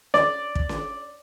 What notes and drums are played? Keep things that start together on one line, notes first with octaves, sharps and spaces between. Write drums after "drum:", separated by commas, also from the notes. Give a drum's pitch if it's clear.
D5, drum: snare C#4
drum: kick
drum: snare C#4